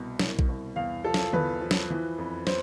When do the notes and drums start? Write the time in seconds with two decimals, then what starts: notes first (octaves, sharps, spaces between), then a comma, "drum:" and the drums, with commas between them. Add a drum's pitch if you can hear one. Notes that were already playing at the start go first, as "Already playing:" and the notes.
Already playing: C2 B2
0.19 C2, drum: snare
0.39 drum: kick A#1
0.49 C2
0.76 E2 F5
1.04 F3 A4
1.14 drum: snare
1.33 E2 B4, drum: tom D3
1.61 F3
1.71 drum: snare
1.90 E3
2.18 F2
2.47 C5, drum: snare